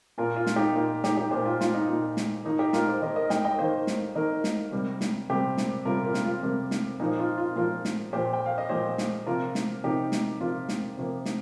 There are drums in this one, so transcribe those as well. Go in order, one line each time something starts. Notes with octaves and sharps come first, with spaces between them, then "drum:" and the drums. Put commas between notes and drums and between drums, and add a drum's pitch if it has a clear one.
A#2 A#3 F4 A#4
F4
drum: snare
D#4 G4
A#2 A#3 F4
D#4 G4, drum: snare
D#4 G4
A#2 A#3 G4 C5
F4
F4, drum: snare
D#4
A#2 A#3 F4
drum: snare
D#3 A#3 D#4
D#4 G4
F4 A#4, drum: snare
G4 C5
D#3 A#3 A#4 D#5
A#4 D#5
D#5 G5, drum: snare
D#5 G5
D#3 A#3 C5 F5
drum: snare
D#3 A#3 A#4 D#5
drum: snare
C3 G3 A#3
drum: snare
C3 G3 A#3 G4 C5
drum: snare
C3 G3 A#3 F4 A#4
F4 A#4
drum: snare
F4
C3 G3 A#3
drum: snare
A#2 F3 A#3 D#4
F4
F4
A#2 F3 A#3 F4 A#4
drum: snare
A#2 F3 A#3 G4 C5
G5
F5
D#5
A#2 F3 A#3 G4 C5
drum: snare
C3 F3 A#3 F4 A#4
drum: snare
C3 F3 A#3 D#4 G4
drum: snare
C3 F3 A#3 F4
drum: snare
C3 F3 A#3
drum: snare